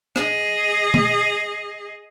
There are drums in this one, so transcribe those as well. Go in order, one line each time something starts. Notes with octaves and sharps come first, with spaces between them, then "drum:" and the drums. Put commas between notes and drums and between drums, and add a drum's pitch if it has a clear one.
G#4 D#5, drum: rim click
drum: tom